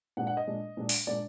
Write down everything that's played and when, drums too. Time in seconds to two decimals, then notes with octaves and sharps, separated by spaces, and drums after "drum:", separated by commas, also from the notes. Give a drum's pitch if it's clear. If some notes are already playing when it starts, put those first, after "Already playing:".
0.17 A#2 G#3 D4 F#5
0.27 F#5
0.37 D#5
0.47 A#2 G#3 D4
0.77 A#2 G#3 D4
0.89 drum: open hi-hat
1.07 A#2 G#3 D4 D5